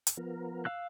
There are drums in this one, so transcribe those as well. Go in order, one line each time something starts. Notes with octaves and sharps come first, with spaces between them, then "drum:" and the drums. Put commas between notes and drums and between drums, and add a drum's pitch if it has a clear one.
drum: hi-hat
F3 B3 A#4
F5 E6 F#6